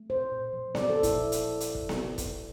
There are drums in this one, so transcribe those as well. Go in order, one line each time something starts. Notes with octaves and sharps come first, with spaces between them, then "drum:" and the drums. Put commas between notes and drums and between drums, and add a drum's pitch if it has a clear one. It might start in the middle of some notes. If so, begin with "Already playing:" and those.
Already playing: A3
B2 C5
A#2
F3
A#3 D5, drum: snare B3
A4
A#2
E4, drum: kick F1, hi-hat
drum: hi-hat
drum: hi-hat
drum: kick F1
drum: snare B3
drum: kick F1, hi-hat